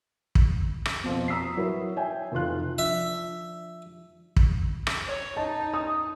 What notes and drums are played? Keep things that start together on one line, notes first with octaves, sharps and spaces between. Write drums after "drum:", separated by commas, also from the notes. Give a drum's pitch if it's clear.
drum: kick
drum: rim click
F2 B2 F3 C4
A#5 D#6 E6 B6 C7
F#3 E4 F#4 A#4 B4 C#5
C#5 E5 G5 G#5
F1 E3 F4 F#6
F3 D4 E5
drum: kick
drum: rim click
C#5
D#4 A5
D#6